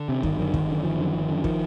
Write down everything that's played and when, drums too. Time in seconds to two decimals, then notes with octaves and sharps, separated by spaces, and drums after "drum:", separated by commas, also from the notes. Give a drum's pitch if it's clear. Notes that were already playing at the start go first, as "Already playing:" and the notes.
Already playing: D3
0.09 C3
0.23 G1 D#3, drum: kick
0.39 F#2 D3 D#3
0.54 G1 D#3, drum: kick
0.69 F#2 D3
0.84 G1 D#3 F3
0.99 F#2 D3
1.14 G1
1.29 F#2 D3
1.44 D#3 F3, drum: kick